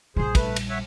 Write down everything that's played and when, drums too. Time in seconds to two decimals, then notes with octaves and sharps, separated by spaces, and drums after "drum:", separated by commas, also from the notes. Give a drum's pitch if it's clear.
0.16 A#1 G3 G#4 C5
0.35 A3 B4, drum: kick, cymbal
0.56 drum: cymbal
0.69 C#5 E5 F#5